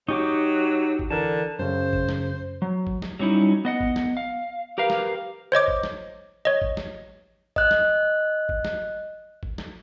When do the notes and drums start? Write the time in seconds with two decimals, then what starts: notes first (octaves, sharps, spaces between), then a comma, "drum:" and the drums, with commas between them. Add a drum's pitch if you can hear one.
0.09 F#3 D#4 G4 C#6 D6
0.99 drum: kick G#1
1.10 D3 E3 A#4 A5
1.59 F#2 C#3 C5
1.93 drum: kick G#1
2.09 drum: snare
2.62 F#3
2.87 drum: kick G#1
3.02 drum: snare
3.19 F#3 G3 C#4 D#4 E4
3.65 B3 D#5 F#5
3.80 drum: kick G#1
3.96 drum: snare
4.17 F5
4.78 G4 A#4 B4 F5
4.90 drum: snare
5.52 C5 C#5 D#5 D6
5.68 drum: kick G#1
5.83 drum: snare
6.45 C#5 D#5
6.62 drum: kick G#1
6.77 drum: snare
7.56 D#5 F#6, drum: kick G#1
7.71 drum: snare
8.49 drum: kick G#1
8.65 drum: snare
9.43 drum: kick G#1
9.58 drum: snare